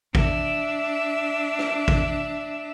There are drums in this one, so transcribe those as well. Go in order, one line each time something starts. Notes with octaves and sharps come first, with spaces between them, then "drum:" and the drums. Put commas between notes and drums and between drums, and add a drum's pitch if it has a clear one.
D4 E5, drum: kick G#1
drum: rim click
drum: kick G#1